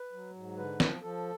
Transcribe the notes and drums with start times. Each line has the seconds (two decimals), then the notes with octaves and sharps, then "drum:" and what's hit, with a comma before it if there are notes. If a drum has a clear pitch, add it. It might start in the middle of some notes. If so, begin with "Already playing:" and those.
Already playing: B4
0.13 F#3
0.35 G#2
0.58 D3 B4
0.80 F3, drum: snare
1.02 F3 A4